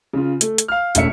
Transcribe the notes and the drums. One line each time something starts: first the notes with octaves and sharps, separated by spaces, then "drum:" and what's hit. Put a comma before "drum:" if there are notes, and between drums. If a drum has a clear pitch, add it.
C#3 F4
A3, drum: hi-hat
drum: hi-hat
F5 F6
E1 A2 C#4 E5 C#7, drum: hi-hat